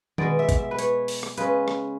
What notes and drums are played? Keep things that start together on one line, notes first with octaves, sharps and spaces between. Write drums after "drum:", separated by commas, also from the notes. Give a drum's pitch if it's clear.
B2 G#3 B3 D5, drum: tom D#3
E5
drum: kick, hi-hat
E5
B4
C#5, drum: hi-hat
drum: open hi-hat
drum: rim click
C#3 G#3 C#4 B4, drum: hi-hat
drum: rim click